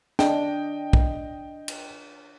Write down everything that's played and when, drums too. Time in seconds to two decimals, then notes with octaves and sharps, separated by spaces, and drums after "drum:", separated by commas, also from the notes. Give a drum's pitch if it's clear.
0.19 D4 D#5 G5, drum: snare
0.93 drum: kick
1.68 drum: cymbal